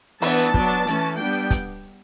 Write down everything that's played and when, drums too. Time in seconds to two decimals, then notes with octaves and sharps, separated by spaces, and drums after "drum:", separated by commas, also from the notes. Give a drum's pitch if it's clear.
0.22 E3 B3 D4 A5, drum: open hi-hat
0.54 F#3 B3 D4, drum: kick
0.87 E3 A3 C#4, drum: hi-hat
1.18 G3 B3 D4 G5
1.50 drum: kick, hi-hat